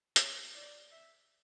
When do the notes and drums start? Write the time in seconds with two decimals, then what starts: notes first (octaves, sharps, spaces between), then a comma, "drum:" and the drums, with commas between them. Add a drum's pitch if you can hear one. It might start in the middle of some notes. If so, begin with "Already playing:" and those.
0.16 C#5, drum: hi-hat
0.54 D5
0.91 E5